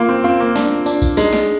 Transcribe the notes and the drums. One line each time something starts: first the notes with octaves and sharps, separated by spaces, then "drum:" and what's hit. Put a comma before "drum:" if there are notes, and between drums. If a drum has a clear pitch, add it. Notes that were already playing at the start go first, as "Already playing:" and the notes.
Already playing: A#3 F4
C4
C4 F4
A#3
D4, drum: snare
D4, drum: tambourine
drum: kick A#1, tambourine
G#3 D#4, drum: tambourine
drum: snare